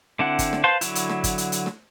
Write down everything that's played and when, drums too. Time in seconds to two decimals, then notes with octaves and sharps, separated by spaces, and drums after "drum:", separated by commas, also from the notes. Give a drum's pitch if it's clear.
0.19 D3 C4 D4 E4 F#5
0.39 drum: kick G1, hi-hat
0.53 drum: snare
0.64 B4 C5 F5 A5 C6
0.81 D3 F#3 E4, drum: hi-hat
0.95 drum: hi-hat
1.09 drum: snare
1.24 drum: kick G1, hi-hat
1.38 drum: hi-hat
1.52 drum: hi-hat
1.66 drum: snare